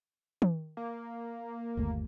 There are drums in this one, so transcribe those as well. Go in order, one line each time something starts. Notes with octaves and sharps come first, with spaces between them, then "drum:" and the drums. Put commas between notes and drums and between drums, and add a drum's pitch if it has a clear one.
drum: tom
A#3
G1 D#2 A3